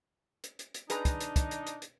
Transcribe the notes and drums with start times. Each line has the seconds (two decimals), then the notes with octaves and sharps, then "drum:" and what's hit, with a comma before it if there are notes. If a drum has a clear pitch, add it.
0.44 drum: hi-hat
0.59 drum: hi-hat
0.74 drum: hi-hat
0.90 D4 D#4 G#4 B4 A#5, drum: hi-hat
1.05 drum: kick, hi-hat
1.21 drum: hi-hat
1.36 drum: kick, hi-hat
1.51 drum: hi-hat
1.67 drum: hi-hat
1.82 drum: hi-hat